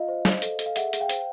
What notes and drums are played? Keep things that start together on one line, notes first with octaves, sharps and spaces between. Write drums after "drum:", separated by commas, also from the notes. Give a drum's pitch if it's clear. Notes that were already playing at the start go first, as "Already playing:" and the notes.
Already playing: F4 D#5 F5
C5
C5, drum: snare
A4, drum: hi-hat
A4, drum: hi-hat
F5
G#4 E5 F#5, drum: hi-hat
G#4, drum: hi-hat
F5 G5
C5, drum: hi-hat